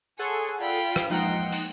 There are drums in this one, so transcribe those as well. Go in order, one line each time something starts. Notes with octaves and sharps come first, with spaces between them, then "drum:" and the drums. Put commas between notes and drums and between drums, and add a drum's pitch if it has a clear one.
G#4 A4 C#5 F#5 G#5 C6
F4 D5 G5 B5
drum: rim click
F3 G#3 A#3 D#4 F#5 G5 A#5 C6
drum: hi-hat